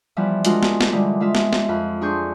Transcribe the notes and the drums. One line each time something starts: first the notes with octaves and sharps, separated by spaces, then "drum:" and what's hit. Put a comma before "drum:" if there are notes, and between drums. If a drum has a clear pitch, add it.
E3 F3 G3 B3
G#3 C#4 D4 F4 F#4 A#4, drum: hi-hat
drum: snare
drum: snare
D3 E3 G3 G#3
G#3 F4 E5
drum: snare
drum: snare
F2 B5 F6
D4 G#4 C6 C#6 G6